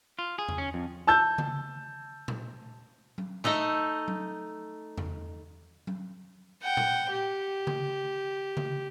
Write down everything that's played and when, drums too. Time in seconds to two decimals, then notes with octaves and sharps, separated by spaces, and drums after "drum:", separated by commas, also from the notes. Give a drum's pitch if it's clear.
0.19 F4
0.39 G#4
0.48 drum: tom E2
0.58 C#4
0.74 F2
1.07 A5 E6 G6
1.38 drum: tom C#3
2.28 drum: tom A#2
3.18 drum: tom F#3
3.44 A3 D#4 A4 D#5
4.08 drum: tom F#3
4.98 drum: tom E2
5.87 drum: tom F#3
6.63 F#5 G5
6.77 drum: tom A#2
7.11 G4
7.67 drum: tom C#3
8.57 drum: tom C#3